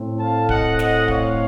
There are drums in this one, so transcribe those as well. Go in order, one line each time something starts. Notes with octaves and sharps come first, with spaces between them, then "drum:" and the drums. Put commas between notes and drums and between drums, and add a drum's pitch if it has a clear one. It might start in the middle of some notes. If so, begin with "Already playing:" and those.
Already playing: A2 A3 C4
F5 A5
D#5 F#5, drum: kick D1
D#5 F#5, drum: snare
C#5 F5, drum: kick D1